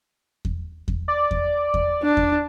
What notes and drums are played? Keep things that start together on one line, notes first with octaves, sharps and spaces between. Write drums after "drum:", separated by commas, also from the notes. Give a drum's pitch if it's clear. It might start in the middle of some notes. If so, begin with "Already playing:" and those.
drum: kick E2
drum: kick E2
D5
drum: kick E2
drum: kick E2
D4
drum: kick E2